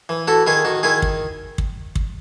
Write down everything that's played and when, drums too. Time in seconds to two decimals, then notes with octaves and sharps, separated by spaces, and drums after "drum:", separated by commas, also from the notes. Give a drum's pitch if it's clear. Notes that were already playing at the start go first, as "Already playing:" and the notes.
0.09 E3
0.28 E4 F#4 A4
0.46 D#3 E4 G#4
0.65 D#3 F#4
0.83 D#3 E4 G#4
1.02 drum: kick
1.58 drum: kick
1.95 drum: kick